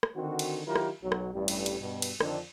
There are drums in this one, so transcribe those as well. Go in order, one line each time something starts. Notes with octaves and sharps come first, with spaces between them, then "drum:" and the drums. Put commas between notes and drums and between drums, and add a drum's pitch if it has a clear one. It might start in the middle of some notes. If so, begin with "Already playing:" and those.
drum: rim click
D3 D#3 C4 F#4
drum: cymbal
D#3 F#3 E4 F4 G4 A#4
drum: rim click
B1 F#3
drum: rim click
A1 G2 G3
drum: cymbal
drum: cymbal
G2 B2
drum: cymbal
F2 D3 D#3 C4 D4, drum: rim click